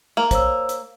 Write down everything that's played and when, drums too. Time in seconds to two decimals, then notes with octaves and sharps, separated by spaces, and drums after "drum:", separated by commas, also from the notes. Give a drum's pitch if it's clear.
0.17 A#3 F#7
0.31 C5 C#5 E6, drum: kick, hi-hat
0.69 drum: hi-hat